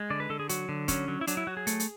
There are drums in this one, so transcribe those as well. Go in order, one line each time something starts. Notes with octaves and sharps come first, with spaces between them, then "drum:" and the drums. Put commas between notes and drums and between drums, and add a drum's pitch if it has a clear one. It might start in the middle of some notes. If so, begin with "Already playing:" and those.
Already playing: G#3
D3 D5
B4
D3 A4
G#4
F#3 F#4, drum: hi-hat
D3
F#3 C#4, drum: kick, hi-hat
F#3
E4
F#3 D4, drum: hi-hat
E4
F#3 F#4
G#4
A3, drum: hi-hat
drum: hi-hat